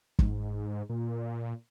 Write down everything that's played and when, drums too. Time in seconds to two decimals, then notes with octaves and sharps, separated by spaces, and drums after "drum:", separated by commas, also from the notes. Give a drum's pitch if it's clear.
0.19 G#2, drum: kick
0.89 A#2